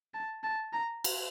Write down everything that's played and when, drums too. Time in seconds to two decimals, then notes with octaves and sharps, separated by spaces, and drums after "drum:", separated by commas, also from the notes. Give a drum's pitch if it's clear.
0.14 A5
0.43 A5
0.73 A#5
1.04 drum: cymbal